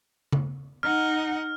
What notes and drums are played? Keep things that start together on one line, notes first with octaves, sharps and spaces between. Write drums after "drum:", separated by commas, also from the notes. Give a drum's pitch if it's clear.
drum: tom C#3
D#4 F#5 F6